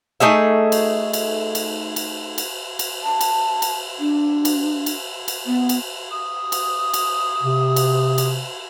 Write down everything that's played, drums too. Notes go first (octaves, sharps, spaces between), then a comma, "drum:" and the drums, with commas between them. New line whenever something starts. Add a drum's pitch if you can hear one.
A3 D#4 G#4 E5
drum: cymbal
drum: cymbal
drum: cymbal
drum: cymbal
drum: cymbal
drum: cymbal
A5
drum: cymbal
drum: cymbal
D4
drum: cymbal
drum: cymbal
drum: cymbal
B3
drum: cymbal
D#6
drum: cymbal
drum: cymbal
C3
drum: cymbal
drum: cymbal